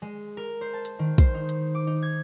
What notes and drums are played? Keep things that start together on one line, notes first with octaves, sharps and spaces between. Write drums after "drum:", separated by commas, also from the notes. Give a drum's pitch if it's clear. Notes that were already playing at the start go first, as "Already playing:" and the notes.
G#3
A#4
C5
A5
drum: hi-hat
D#3
C5, drum: kick, hi-hat
D#4
drum: hi-hat
D6
D#4
G#6